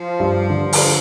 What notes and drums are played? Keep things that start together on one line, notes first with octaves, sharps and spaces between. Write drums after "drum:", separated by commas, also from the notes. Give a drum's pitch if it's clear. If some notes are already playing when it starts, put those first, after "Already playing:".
Already playing: F3
G2
D3
drum: open hi-hat